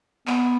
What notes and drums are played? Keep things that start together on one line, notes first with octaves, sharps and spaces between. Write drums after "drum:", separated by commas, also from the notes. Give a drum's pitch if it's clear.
B3, drum: clap